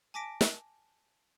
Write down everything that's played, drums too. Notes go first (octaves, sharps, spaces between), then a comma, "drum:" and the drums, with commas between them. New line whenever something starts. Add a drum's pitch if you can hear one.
G#5 A5 D6 A#6 B6 D7
drum: snare